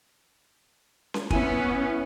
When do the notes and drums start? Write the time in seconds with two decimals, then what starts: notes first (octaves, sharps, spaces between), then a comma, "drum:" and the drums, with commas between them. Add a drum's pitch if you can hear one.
1.14 drum: snare C#4
1.30 B3 C#4 E4 G#5, drum: kick